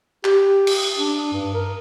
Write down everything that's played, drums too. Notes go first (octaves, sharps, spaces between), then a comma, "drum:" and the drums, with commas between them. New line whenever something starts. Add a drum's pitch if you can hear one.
G4, drum: clap
drum: cymbal
D4
G2
A#4